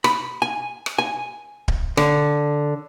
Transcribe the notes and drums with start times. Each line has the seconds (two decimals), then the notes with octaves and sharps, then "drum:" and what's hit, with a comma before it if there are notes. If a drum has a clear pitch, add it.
0.04 B5, drum: rim click
0.42 G#5
0.86 drum: rim click
0.98 G#5
1.68 drum: kick D1
1.97 D3, drum: rim click